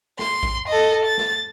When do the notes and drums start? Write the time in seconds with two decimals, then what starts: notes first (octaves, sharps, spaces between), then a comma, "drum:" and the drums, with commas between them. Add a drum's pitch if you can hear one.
0.19 C6, drum: snare
0.43 drum: kick
0.68 A4 D#5
1.05 A6
1.18 drum: snare